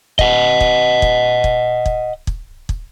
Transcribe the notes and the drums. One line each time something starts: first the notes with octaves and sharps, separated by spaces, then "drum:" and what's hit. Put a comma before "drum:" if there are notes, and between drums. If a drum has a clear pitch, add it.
D#5 F#5, drum: kick
drum: kick
drum: kick
drum: kick
drum: kick
drum: kick
drum: kick